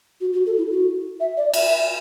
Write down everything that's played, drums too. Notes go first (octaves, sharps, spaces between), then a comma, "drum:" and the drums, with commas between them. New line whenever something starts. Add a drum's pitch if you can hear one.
F#4
F#4
A4
E4
F#4
E5
D5
E5, drum: cymbal